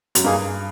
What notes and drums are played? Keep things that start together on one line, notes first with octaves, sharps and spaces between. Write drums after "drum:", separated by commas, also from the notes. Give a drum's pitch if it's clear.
F#2, drum: hi-hat
G2 A#3 D#4 G#4